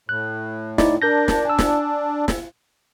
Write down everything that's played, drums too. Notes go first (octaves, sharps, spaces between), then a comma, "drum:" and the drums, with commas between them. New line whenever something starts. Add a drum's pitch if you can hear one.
A2 F#6
D#4 E4 D5, drum: snare
D4 A#4 G6 A#6
drum: snare
G#5 E6
drum: snare
drum: snare